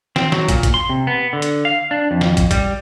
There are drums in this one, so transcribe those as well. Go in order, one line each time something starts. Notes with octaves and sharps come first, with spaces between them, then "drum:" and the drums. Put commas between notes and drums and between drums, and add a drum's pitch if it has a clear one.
C4, drum: snare
F#3, drum: snare
A#2, drum: kick, hi-hat
drum: kick, hi-hat
C6
C3
B3
D3
drum: hi-hat
F5
D4
F2
drum: snare
drum: kick, hi-hat
G3, drum: kick, hi-hat